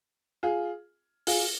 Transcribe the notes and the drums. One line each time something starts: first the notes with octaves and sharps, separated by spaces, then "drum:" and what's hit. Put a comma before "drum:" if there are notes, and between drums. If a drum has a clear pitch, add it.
F4 G#4
F4 G#4, drum: open hi-hat